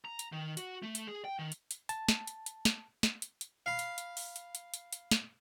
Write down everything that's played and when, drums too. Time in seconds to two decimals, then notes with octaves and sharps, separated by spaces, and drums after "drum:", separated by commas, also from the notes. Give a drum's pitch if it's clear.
0.05 A#5
0.19 drum: hi-hat
0.32 D#3
0.57 F#4, drum: hi-hat
0.83 A3
0.95 drum: hi-hat
1.07 G#4
1.25 G5
1.39 D#3
1.52 drum: hi-hat
1.71 drum: hi-hat
1.89 A5, drum: hi-hat
2.09 drum: snare
2.27 drum: hi-hat
2.46 drum: hi-hat
2.65 drum: snare
3.03 drum: snare
3.22 drum: hi-hat
3.41 drum: hi-hat
3.66 F5 B5
3.79 drum: hi-hat
3.98 drum: hi-hat
4.17 drum: open hi-hat
4.36 drum: hi-hat
4.55 drum: hi-hat
4.74 drum: hi-hat
4.93 drum: hi-hat
5.11 drum: snare